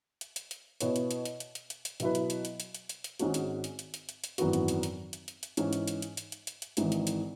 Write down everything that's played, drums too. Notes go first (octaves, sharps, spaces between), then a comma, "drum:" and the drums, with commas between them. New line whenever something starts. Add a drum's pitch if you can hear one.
drum: hi-hat
drum: hi-hat
drum: hi-hat
B2 B3 E4 C#5, drum: hi-hat
drum: hi-hat
drum: hi-hat
drum: hi-hat
drum: hi-hat
drum: hi-hat
drum: hi-hat
drum: hi-hat
B2 F#3 E4 B4, drum: hi-hat
drum: hi-hat
drum: hi-hat
drum: hi-hat
drum: hi-hat
drum: hi-hat
drum: hi-hat
drum: hi-hat
G#1 G#2 G#3 C#4 F#4, drum: hi-hat
drum: hi-hat
drum: hi-hat
drum: hi-hat
drum: hi-hat
drum: hi-hat
drum: hi-hat
G#1 F#2 E3 B3 F#4, drum: hi-hat
drum: hi-hat
drum: hi-hat
drum: hi-hat
drum: hi-hat
drum: hi-hat
drum: hi-hat
G#2 E3 C#4, drum: hi-hat
drum: hi-hat
drum: hi-hat
drum: hi-hat
drum: hi-hat
drum: hi-hat
drum: hi-hat
drum: hi-hat
G#1 G#2 E3 G#3 E4, drum: hi-hat
drum: hi-hat
drum: hi-hat